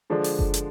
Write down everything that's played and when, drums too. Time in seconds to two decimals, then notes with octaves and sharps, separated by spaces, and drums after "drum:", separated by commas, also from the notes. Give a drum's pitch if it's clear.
0.10 D3 F3 G#3 D4
0.24 drum: open hi-hat
0.39 drum: kick F#1
0.54 drum: hi-hat